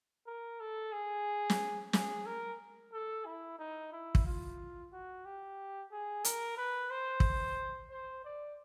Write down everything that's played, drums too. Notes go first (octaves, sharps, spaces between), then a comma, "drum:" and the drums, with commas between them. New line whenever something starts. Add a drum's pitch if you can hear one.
A#4
A4
G#4
drum: snare
G#4, drum: snare
A#4
A4
E4
D#4
E4
drum: kick
F4
F#4
G4
G#4
A#4, drum: hi-hat
B4
C5
drum: kick
C5
D5